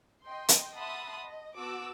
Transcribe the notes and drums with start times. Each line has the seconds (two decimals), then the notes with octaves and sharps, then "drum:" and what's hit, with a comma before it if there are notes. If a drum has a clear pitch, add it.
0.24 D#5 G5 C6
0.49 drum: hi-hat
0.76 E5 F#5 A5 B5 C6 D#6
1.26 D#5
1.59 B3 F#4 A5 D6 E6